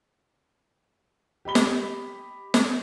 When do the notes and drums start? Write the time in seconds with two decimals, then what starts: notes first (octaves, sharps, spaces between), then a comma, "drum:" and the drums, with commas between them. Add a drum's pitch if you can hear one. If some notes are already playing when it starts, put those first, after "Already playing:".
1.45 G4 D#5 B5 G7
1.55 drum: snare
2.54 drum: snare